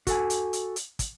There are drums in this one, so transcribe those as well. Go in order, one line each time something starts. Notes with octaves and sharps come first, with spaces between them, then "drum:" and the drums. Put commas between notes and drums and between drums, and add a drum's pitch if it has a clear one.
F#4 A4 G#5, drum: kick, hi-hat
drum: hi-hat
drum: hi-hat
drum: hi-hat
drum: kick, hi-hat